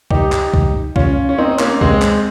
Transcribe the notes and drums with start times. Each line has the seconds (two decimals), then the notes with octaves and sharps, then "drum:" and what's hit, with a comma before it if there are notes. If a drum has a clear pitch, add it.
0.11 D#4 G4, drum: kick C2
0.32 drum: clap
0.54 drum: kick C2
0.96 C#4 F4, drum: kick C2
1.29 C#4
1.38 C4 D#4
1.59 A#3 C#4, drum: clap
1.81 G#3 C4, drum: kick C2
2.02 drum: clap